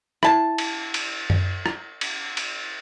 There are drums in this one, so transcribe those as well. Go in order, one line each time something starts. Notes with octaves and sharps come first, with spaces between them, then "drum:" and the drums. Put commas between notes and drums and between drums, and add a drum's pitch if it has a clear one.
E4 A5, drum: rim click
drum: cymbal
drum: cymbal
drum: tom F#2
drum: rim click
drum: cymbal
drum: cymbal